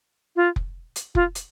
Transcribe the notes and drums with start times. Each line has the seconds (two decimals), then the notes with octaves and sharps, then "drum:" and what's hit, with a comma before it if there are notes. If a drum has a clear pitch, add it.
0.36 F4
0.56 drum: kick F1
0.96 drum: hi-hat
1.15 F4, drum: kick F1
1.35 drum: hi-hat